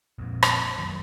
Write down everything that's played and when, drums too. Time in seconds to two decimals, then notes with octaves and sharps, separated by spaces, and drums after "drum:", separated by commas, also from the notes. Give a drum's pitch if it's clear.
0.18 A#1 F2 A#2
0.43 drum: rim click
0.78 G1 F#2 D#3 F#3